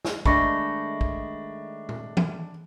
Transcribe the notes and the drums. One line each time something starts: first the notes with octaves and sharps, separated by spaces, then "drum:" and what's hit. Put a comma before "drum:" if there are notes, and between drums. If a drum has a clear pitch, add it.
drum: snare
D#3 G#3 A3 D4 B5 C#6 A#6, drum: kick
drum: kick
drum: tom
drum: tom E3